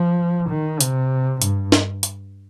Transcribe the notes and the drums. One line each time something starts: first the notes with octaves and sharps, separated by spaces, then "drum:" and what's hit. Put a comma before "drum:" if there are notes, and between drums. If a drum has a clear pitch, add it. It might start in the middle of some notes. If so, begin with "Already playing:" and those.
Already playing: F3
D#3
C3, drum: hi-hat
G2, drum: hi-hat
drum: snare
drum: hi-hat